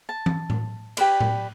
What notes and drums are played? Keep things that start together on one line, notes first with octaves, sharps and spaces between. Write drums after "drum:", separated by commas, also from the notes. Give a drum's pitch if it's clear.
A5
drum: tom E3
drum: tom A2
G4 B4 D5, drum: cymbal
drum: tom A2